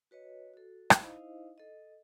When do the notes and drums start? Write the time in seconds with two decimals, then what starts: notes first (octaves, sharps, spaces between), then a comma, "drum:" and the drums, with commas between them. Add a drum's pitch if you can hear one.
0.11 F#4 B4 C#5 D#5
0.54 F#4 A4
0.90 drum: rim click
1.01 D#4 E4 C5 D#5 F5
1.58 A4 D#5